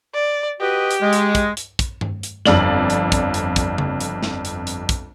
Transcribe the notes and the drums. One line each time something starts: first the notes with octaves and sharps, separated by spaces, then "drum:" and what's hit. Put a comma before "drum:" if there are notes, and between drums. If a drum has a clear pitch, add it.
D5
F#4 G4 B4 D#5
drum: hi-hat
G#3
drum: hi-hat
drum: kick, hi-hat
drum: hi-hat
drum: kick, hi-hat
drum: tom G2
drum: hi-hat
G1 F2 D5 F#7, drum: snare
drum: hi-hat
drum: kick, hi-hat
drum: hi-hat
drum: kick, hi-hat
drum: tom C#3
drum: hi-hat
drum: snare
drum: hi-hat
drum: hi-hat
drum: kick, hi-hat